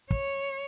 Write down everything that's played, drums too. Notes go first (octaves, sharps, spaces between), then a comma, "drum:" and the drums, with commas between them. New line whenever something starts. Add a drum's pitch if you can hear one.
C#5, drum: kick